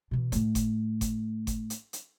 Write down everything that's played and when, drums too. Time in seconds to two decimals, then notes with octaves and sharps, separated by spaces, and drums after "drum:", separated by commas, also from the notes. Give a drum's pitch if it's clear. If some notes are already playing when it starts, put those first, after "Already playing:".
0.11 B2 E3
0.32 A2 A3, drum: hi-hat
0.55 drum: kick G1, hi-hat
1.01 drum: kick G1, hi-hat
1.47 drum: kick G1, hi-hat
1.70 drum: hi-hat
1.93 drum: hi-hat